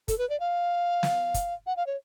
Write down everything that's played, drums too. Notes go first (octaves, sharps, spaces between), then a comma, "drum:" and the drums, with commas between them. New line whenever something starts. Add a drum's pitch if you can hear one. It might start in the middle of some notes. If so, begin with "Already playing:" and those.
A4, drum: kick, hi-hat
B4
D5
F5
drum: snare
drum: kick, hi-hat
F#5
F5
C#5